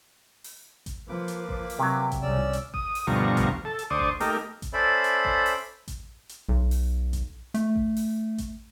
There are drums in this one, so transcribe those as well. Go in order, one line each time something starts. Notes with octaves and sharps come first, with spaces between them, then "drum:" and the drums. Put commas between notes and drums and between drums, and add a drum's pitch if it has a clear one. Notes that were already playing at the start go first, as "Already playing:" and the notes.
drum: open hi-hat
drum: kick A1, hi-hat
F3 A#3 B4 D6
drum: hi-hat
drum: kick A1
drum: open hi-hat
C3 F#3
drum: kick A1, hi-hat
C2 C#3 C#4 D5 E6
drum: hi-hat
D#6, drum: kick A1
drum: open hi-hat
D2 G2 B2 F3 A#5 C#6
drum: kick A1, hi-hat
A4
drum: hi-hat
D2 C5 D5 C#6 D#6
drum: kick A1
A3 A#3 D#4 G4 A#4, drum: open hi-hat
drum: kick A1, hi-hat
C#4 A4 C5 D5 E5 B5
drum: hi-hat
drum: kick A1
drum: open hi-hat
drum: kick A1, hi-hat
drum: hi-hat
B1, drum: kick A1
drum: open hi-hat
drum: kick A1, hi-hat
A3, drum: hi-hat
drum: kick A1
drum: open hi-hat
drum: kick A1, hi-hat